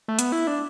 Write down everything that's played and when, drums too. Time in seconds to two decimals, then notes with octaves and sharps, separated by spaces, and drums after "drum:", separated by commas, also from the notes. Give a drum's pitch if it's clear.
0.08 A3
0.19 B3, drum: hi-hat
0.32 E4
0.47 D4